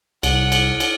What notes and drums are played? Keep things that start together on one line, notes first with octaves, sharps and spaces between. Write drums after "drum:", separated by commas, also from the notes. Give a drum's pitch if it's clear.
C2 F#5, drum: cymbal
drum: cymbal
drum: cymbal